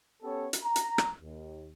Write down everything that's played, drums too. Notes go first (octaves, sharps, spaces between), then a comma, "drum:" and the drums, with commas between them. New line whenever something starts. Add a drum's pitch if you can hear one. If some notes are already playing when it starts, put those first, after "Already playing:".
B3 C#4 G4 A4 C#5
drum: hi-hat
A#5
drum: hi-hat
drum: rim click
D#2